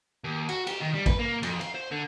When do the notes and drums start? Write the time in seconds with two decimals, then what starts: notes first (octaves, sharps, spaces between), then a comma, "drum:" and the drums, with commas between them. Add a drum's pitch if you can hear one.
0.24 D#2
0.49 F#4, drum: cymbal
0.67 G4, drum: cymbal
0.80 D#3
0.93 G3
1.06 B4, drum: kick, cymbal
1.19 A#3
1.43 F2, drum: cymbal
1.61 F5, drum: cymbal
1.75 C5
1.92 D3